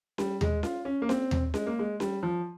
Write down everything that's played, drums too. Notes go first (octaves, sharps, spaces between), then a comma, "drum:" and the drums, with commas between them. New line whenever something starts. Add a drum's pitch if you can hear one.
G3, drum: snare C#4
G#3, drum: tom D#2
F4, drum: snare C#4
C#4
A#3
C4, drum: snare C#4
drum: tom D#2
G#3, drum: snare C#4
A#3
G#3
G3, drum: snare C#4
F3